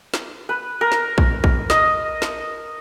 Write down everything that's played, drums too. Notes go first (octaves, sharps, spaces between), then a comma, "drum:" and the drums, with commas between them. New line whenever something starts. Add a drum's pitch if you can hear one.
drum: snare
B4
A#4
drum: snare
drum: kick
drum: kick
D#5, drum: snare
drum: snare